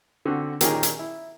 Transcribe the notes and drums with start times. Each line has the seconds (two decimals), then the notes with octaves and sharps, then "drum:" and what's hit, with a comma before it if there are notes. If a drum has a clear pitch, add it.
0.26 D3 C4 F#4
0.61 A#2 D#3 C#4 G4 G#4 A#4, drum: hi-hat
0.83 drum: hi-hat
0.99 E4